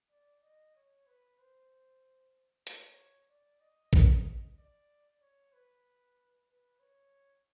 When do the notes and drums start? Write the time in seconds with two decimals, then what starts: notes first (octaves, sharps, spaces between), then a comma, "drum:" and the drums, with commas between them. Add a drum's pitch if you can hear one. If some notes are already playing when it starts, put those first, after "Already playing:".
0.11 D5
0.43 D#5
0.75 C#5
1.07 B4
1.39 C5
2.67 C#5, drum: hi-hat
3.29 D5
3.61 D#5
3.93 drum: kick
4.58 D5
5.21 C#5
5.53 B4
6.49 B4
6.80 C#5